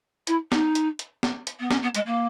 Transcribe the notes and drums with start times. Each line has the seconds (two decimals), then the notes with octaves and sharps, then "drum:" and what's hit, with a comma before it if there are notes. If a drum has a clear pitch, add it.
0.27 E4, drum: hi-hat
0.52 D#4, drum: snare
0.75 drum: hi-hat
0.99 drum: hi-hat
1.23 drum: snare
1.47 drum: hi-hat
1.59 B3
1.71 C#4, drum: snare
1.82 B3
1.95 G#3, drum: hi-hat
2.06 A#3